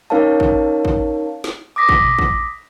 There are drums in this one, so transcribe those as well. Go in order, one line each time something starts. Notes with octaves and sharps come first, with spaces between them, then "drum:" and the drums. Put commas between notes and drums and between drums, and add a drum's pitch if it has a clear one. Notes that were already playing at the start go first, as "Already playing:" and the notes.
C#4 D#4 A#4 C#5 F5 A5
drum: kick
drum: kick
drum: snare
D6 D#6 A#6 B6
drum: kick
drum: tom A#2
drum: kick